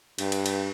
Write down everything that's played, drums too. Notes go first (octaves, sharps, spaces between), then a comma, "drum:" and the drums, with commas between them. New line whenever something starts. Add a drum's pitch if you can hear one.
G2, drum: cymbal
drum: cymbal
drum: cymbal